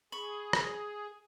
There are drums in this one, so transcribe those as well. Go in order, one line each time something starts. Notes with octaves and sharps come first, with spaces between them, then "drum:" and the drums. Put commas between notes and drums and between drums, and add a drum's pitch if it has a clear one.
G#4 B5 C#6
drum: rim click